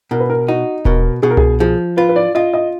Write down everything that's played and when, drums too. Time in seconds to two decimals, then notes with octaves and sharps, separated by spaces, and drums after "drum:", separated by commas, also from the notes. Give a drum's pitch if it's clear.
0.11 B2 A#4
0.20 B4
0.30 A#4
0.48 D#4 F#4
0.85 B2 A#4, drum: kick D#1
1.23 B2 G#4
1.30 A#4
1.37 G#4, drum: tom C2
1.60 F3 G#4
1.97 F4 B4
2.09 B4
2.16 D5
2.35 F4 D#5
2.54 D#5